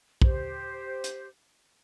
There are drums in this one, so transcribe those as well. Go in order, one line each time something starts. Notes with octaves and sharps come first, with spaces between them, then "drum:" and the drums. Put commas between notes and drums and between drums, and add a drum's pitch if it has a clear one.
G4 C5, drum: kick
drum: hi-hat